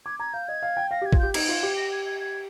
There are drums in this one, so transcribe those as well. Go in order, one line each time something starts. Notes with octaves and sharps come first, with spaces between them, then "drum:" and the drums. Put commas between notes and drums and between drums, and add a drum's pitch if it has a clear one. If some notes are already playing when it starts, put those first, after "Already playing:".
D6 G#6
A#5 G#6
F5 G6
D#5 G#6
F5
G5
F5 A#6
G4 G#6
F4, drum: kick A1
G4 G6
D#4 G#6, drum: cymbal
F4
G4
A#6
G#6
G#6
G#6